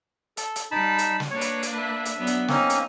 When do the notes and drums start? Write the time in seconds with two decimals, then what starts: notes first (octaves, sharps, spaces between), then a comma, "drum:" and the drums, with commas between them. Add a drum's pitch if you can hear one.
0.37 A4, drum: hi-hat
0.56 drum: hi-hat
0.71 G3 D#4 A5 B5
0.99 drum: hi-hat
1.20 drum: snare
1.31 A#3 D4 B4 C#5
1.41 drum: hi-hat
1.63 drum: hi-hat
1.77 E5
2.06 drum: hi-hat
2.17 F#3 B3 D4
2.27 drum: hi-hat
2.48 A#3 C4 C#4 D#4, drum: snare
2.70 drum: hi-hat